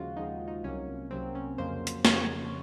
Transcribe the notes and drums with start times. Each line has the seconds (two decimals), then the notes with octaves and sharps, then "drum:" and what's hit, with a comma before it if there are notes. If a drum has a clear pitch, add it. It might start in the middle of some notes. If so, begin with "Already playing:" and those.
Already playing: D#2 C#3 F3 G#3 F4 F#4
0.17 D#2 C#3 F3 G#3 D#4
0.48 D#4
0.63 C2 C3 F#3 A#3 C#4
1.10 C2 C3 F#3 A#3 C4
1.35 C#4
1.58 F2 C#3 F#3 A#3 C5
1.87 drum: hi-hat
2.05 F2 C#3 F#3 A#3 C#5, drum: snare